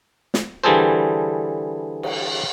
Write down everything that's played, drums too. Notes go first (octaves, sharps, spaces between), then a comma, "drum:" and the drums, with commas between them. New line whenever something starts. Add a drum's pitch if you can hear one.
drum: snare
D3 E3 G3 G#4 A4 C5
drum: cymbal